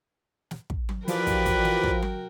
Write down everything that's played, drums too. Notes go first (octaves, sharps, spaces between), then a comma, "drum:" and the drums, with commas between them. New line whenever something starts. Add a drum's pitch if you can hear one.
drum: snare
drum: kick
drum: tom F#3
E3 F3 F#4 G4 A#4 B4 D5 G5, drum: hi-hat
drum: kick, hi-hat
drum: kick, hi-hat
drum: snare
drum: kick
drum: tom F#3